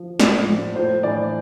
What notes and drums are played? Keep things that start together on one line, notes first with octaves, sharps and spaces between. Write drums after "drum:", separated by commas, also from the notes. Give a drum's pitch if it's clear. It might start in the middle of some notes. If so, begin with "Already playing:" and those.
Already playing: F3
A2 D5, drum: snare
F3
A2 C5
E3 D5